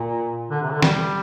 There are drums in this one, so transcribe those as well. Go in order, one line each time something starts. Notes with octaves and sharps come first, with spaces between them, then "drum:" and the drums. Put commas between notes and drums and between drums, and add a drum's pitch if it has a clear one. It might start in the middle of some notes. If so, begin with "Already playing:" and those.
Already playing: A#2
D3
C3
D3
G3, drum: snare